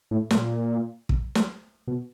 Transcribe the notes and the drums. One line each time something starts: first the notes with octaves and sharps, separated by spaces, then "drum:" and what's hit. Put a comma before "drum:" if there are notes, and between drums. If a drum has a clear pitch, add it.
A2
A#2, drum: snare
drum: kick
drum: snare
B2